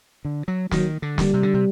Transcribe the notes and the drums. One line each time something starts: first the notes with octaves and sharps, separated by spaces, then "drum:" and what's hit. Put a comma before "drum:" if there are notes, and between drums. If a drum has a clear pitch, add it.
D3
F#3
D#3 F#3, drum: snare
D3
G3, drum: snare
C3
D3
C3